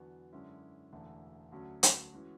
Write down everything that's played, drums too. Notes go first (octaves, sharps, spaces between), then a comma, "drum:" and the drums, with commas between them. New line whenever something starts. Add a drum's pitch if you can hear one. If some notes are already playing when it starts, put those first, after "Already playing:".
Already playing: E2 D3 F#3 B3 F#4
F#2 D3 G#3 C#4 E4
E1 E2 D3 A3 E4
D2 D3 F#3 A3 C#4
drum: hi-hat
E3 G#3 C#4 F#4